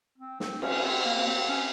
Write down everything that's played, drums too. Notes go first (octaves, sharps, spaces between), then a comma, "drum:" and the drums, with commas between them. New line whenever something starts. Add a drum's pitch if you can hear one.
C4
C4, drum: snare
C#4, drum: cymbal
C4
A#3
C4
C#4